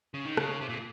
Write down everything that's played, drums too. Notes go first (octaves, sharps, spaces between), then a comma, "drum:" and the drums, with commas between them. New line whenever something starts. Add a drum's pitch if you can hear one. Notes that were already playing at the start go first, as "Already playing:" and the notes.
C#3
D#3
C#3, drum: rim click
C3
A#2